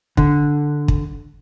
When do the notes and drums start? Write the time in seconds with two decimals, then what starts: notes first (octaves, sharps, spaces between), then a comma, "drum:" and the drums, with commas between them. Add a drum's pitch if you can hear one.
0.17 D3, drum: kick
0.88 drum: kick